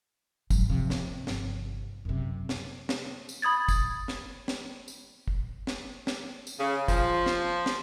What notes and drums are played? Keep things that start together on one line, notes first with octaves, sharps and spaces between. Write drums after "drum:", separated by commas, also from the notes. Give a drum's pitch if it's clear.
G#2 F#3, drum: kick, tambourine
C3 F3
drum: snare
G1, drum: snare
F#2 C3
drum: snare
drum: snare
drum: tambourine
B5 D#6 G#6 A6
drum: kick, tambourine
drum: snare
drum: snare
drum: tambourine
drum: kick
drum: snare
drum: snare
drum: tambourine
C#3
F3, drum: kick, tambourine
drum: snare
drum: snare